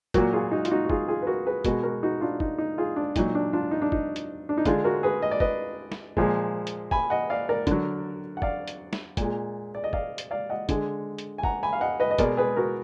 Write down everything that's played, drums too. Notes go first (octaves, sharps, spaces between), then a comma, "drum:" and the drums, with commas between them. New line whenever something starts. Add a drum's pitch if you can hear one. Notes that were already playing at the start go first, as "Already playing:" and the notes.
A#2 F#3 F#4 A#4, drum: kick, hi-hat
F4 G#4
D#4 F#4
F4, drum: hi-hat
D#4 F#4
F#4
F4 G#4, drum: kick
F4 G#4
B4
F#4 A#4
G#4 B4
B2 G#3 F#4 A#4, drum: kick, hi-hat
F#4 A#4
D#4 F#4
D4 F4
D#4, drum: kick
D#4
F4 G#4
D4
A#2 F#3 D#4, drum: kick, hi-hat
D4
D4 F4
D#4
D4
D#4, drum: kick
drum: hi-hat
D4
D#4
D3 G#3 D4 F4, drum: kick, hi-hat
F#4 A#4
G#4 B4
D#5
D5
B4 D#5, drum: kick
drum: snare
A#2 F3 G#3, drum: kick
drum: hi-hat
G#5 B5, drum: kick
D#5 F#5
D5 F5
A#4 D5
D3 F#3, drum: kick, hi-hat
F#5
D5 F5, drum: kick
drum: hi-hat
drum: snare
A#2 G#3, drum: kick, hi-hat
D5
D#5
D5 F5, drum: kick
drum: hi-hat
D5 F5
D#5 F#5
D3 G#3, drum: kick, hi-hat
drum: hi-hat
G#5
F#5 A#5, drum: kick
G#5 B5
F5
D#5 F#5
B4 D#5
D#5
B2 G#3 A#4 D5, drum: kick, hi-hat
G#4 B4
F#4 A#4